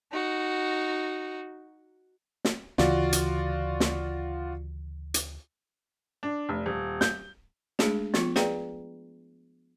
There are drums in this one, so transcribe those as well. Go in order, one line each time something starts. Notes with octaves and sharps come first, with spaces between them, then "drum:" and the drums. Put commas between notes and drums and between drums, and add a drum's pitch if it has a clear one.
D#4 F#4
drum: snare
D2 C#3 E3 F4 F#4 D5, drum: snare
drum: hi-hat
drum: snare
drum: hi-hat
D4
F1
D#1
G6, drum: snare
G#3 A3 D4 G#4 A5, drum: snare
F3 B3 F4, drum: snare
G#4 B4 D5 F5 G5 A#5, drum: snare